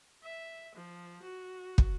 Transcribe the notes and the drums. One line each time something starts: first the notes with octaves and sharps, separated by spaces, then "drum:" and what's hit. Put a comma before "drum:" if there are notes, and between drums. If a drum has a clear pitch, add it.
E5
F3
F#4
drum: kick